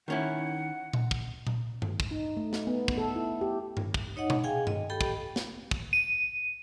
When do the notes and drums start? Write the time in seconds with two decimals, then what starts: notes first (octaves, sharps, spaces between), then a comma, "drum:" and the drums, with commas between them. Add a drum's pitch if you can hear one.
0.08 D#3 C#4 E4 F#5
0.93 drum: tom A#2
1.11 drum: kick
1.47 drum: tom A#2
1.82 drum: tom G2
2.00 drum: kick
2.11 D#4
2.37 A3
2.53 drum: snare
2.67 B3
2.88 drum: kick
2.98 A4
3.16 E4
3.41 G4
3.77 drum: tom G2
3.94 drum: kick
4.16 D#4 C#5 D#5 F#5
4.30 drum: tom B2
4.44 G#4 F5 G5 G#5
4.67 D#5, drum: tom G2
4.90 G4 A4 G5 B5
5.01 drum: kick
5.36 drum: snare
5.71 drum: kick
5.93 D#7